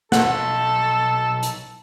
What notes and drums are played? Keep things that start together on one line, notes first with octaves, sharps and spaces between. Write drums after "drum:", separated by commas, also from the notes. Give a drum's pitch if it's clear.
B1 A4 F#5 A5, drum: snare
drum: hi-hat